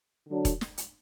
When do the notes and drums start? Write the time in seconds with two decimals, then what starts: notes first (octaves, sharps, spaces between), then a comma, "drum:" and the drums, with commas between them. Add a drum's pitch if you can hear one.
0.28 D3 F#3 D4
0.45 drum: kick E1, hi-hat
0.61 drum: snare
0.78 drum: hi-hat